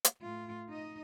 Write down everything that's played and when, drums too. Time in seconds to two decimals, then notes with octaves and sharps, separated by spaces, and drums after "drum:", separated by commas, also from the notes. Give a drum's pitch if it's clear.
0.04 drum: hi-hat
0.22 A2 F4
0.69 D#4 D#5